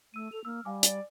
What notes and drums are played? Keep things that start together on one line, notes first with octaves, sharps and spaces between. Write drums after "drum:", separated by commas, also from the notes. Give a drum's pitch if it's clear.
A3 E6 D#7
A4 F7
A#3 E6 F6
G3 F5 G#5 D6
D5, drum: hi-hat